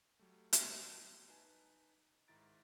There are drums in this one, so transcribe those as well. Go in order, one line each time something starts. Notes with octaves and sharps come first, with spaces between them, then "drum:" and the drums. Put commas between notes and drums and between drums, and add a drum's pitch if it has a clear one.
F#3 G3 A3
drum: hi-hat
D#4 B4 G#5 A5
G#2 D#3 E4 A#5 A6 D7